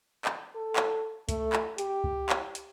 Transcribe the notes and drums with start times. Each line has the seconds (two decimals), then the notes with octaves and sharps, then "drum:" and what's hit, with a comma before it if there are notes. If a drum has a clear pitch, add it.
0.25 drum: clap
0.55 A4
0.76 drum: clap
1.29 A3, drum: kick C#2, hi-hat
1.53 drum: clap
1.78 G4, drum: hi-hat
2.04 drum: kick C#2
2.30 drum: clap
2.55 drum: hi-hat